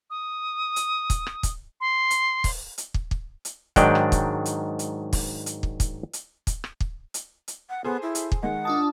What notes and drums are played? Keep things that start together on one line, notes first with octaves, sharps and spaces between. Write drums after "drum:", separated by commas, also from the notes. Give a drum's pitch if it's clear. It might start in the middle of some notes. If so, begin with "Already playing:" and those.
D#6
drum: hi-hat
drum: kick, hi-hat
drum: rim click
drum: kick, hi-hat
C6
drum: hi-hat
drum: kick, open hi-hat
drum: hi-hat
drum: kick
drum: kick
drum: hi-hat
G#2 D#3 F#3 D4 D5 G5, drum: kick, hi-hat
drum: rim click
drum: kick, hi-hat
drum: hi-hat
drum: hi-hat
drum: kick, open hi-hat
drum: hi-hat
drum: kick
drum: kick, hi-hat
drum: hi-hat
drum: kick, hi-hat
drum: rim click
drum: kick
drum: hi-hat
drum: hi-hat
F#5
B3 G#4 A4 C5
E4
drum: hi-hat
drum: kick
D#3 G#3 D#4 F#5
D4 F4 A5 D#6